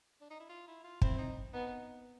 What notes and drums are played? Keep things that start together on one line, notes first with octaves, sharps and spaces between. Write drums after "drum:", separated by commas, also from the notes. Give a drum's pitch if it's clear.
D4
D#4
E4
F4
E4
F4
C4 E4, drum: kick
D#4
B3 D#4